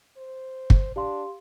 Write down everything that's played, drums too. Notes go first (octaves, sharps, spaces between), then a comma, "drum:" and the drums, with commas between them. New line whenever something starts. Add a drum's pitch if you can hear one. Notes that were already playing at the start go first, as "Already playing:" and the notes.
C5
drum: kick
D4 G4 F5 C6